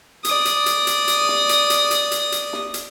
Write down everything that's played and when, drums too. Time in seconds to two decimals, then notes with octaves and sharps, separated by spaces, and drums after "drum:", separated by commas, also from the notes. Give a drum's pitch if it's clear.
0.25 D5 D#6, drum: hi-hat
0.45 drum: hi-hat
0.66 drum: hi-hat
0.87 drum: hi-hat
1.08 drum: hi-hat
1.28 drum: snare
1.49 drum: hi-hat
1.70 drum: hi-hat
1.91 drum: hi-hat
2.11 drum: hi-hat
2.32 drum: hi-hat
2.53 drum: snare
2.74 drum: hi-hat